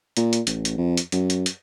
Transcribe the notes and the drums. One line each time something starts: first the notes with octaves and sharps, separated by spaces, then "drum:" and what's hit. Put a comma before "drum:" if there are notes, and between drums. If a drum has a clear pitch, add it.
A#2, drum: hi-hat
drum: hi-hat
A1, drum: hi-hat
drum: hi-hat
F2
drum: hi-hat
F#2, drum: hi-hat
drum: hi-hat
drum: hi-hat